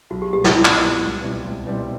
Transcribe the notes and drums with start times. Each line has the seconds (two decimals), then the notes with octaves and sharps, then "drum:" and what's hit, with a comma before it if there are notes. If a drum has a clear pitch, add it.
0.10 B1 F#4
0.22 G4
0.33 A#2 G3 B3 G4
0.44 F4, drum: snare
0.55 B1 E4
0.65 drum: clap
0.77 A#2 G3 B3
1.00 C#2
1.21 B2 G3 C4 E4
1.44 C#2
1.66 B2 G3 C4 E4